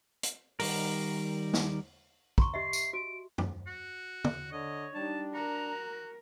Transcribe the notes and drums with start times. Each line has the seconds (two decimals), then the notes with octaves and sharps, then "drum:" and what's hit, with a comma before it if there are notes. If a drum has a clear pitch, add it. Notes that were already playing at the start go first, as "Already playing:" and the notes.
0.23 drum: hi-hat
0.60 D#3 G3 A#4, drum: open hi-hat
1.54 drum: snare
2.38 A#5 C6 C#6, drum: kick
2.54 G4 D#5 E5 C7
2.73 drum: tambourine
2.93 F#4 D7
3.38 drum: tom F#2
3.67 F#4
4.24 drum: tom
4.52 D3 C#5 D#5
4.95 G3 D4 D#4 A5
5.35 F#4 A#4 A#5